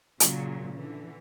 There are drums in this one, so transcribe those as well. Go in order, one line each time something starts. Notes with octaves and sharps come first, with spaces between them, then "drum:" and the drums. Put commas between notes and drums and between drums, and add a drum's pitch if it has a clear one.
A#2 C#3 F#3, drum: hi-hat
D3 E3